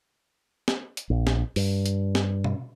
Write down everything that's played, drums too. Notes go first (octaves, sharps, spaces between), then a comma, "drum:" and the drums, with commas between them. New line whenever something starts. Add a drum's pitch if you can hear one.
drum: snare
drum: hi-hat
A#1
drum: snare
G2, drum: open hi-hat
drum: hi-hat
drum: snare
drum: tom